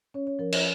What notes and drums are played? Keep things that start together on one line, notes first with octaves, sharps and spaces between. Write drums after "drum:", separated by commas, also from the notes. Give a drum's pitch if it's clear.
C#4 C#5
C#5
F3 A#4
C#5, drum: cymbal